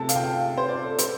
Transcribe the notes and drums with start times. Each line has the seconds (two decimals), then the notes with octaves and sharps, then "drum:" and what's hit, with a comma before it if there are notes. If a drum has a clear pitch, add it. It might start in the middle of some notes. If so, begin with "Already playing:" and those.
Already playing: C3 A3 C4 A5
0.09 F5, drum: hi-hat
0.16 G5
0.24 F5
0.58 C5
0.69 D5
0.84 A4
0.98 C5, drum: hi-hat